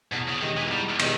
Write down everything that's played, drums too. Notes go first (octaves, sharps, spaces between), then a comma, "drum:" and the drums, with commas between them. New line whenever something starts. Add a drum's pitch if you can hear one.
E2 B2
C#3
B2 D#3 G#3 D#4 G4
E3
E2 G3
B2 D#3 G#3 D#4 G4, drum: cymbal